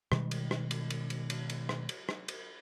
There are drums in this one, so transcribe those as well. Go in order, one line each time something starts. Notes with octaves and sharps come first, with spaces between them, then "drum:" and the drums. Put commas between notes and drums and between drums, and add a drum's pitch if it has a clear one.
B2 D#3 G3 G#3, drum: rim click
drum: cymbal
drum: rim click
drum: cymbal
drum: cymbal
drum: cymbal
drum: cymbal
drum: cymbal
drum: rim click
drum: cymbal
drum: rim click
drum: cymbal